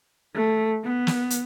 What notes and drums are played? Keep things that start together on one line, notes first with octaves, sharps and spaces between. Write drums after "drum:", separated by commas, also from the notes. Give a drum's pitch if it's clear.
A3
B3
drum: snare
drum: hi-hat